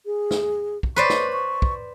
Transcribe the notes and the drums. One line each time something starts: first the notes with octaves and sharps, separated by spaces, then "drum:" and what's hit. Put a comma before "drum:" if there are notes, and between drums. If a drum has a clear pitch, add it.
G#4
drum: snare
drum: kick
B4 C5 D5 C#6
drum: snare
C#6
drum: kick